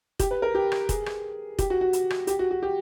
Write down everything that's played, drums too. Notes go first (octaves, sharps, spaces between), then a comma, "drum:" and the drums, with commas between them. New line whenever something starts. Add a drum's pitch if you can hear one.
G4, drum: kick F1, hi-hat
B4
A#4
G4
drum: rim click
G#4, drum: kick F1, hi-hat
drum: rim click
G4, drum: kick F1, hi-hat
F#4
F#4
drum: hi-hat
drum: rim click
G4, drum: hi-hat
F#4
F#4
G4